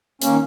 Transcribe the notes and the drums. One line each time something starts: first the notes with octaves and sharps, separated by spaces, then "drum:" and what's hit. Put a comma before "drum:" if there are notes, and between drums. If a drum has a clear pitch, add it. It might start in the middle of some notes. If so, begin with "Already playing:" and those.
D#3 A#3 C#4, drum: hi-hat